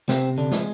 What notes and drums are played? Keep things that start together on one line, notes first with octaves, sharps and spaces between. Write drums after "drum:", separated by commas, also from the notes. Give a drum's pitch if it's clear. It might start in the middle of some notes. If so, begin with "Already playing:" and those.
C3 C4, drum: snare
D3 D4
F3 G#3, drum: snare